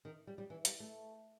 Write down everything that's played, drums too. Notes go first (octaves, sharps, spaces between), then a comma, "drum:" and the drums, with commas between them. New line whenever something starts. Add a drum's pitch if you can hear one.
D#3
G3
G3
E3
G3, drum: hi-hat
A3